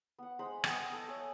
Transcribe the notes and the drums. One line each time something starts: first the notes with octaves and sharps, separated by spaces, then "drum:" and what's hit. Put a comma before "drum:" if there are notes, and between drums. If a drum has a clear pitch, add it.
B3 F#5
G#3 C5 A#5 B5
B3 D#5 G5 B5, drum: rim click
A4
C#5 E5 G#5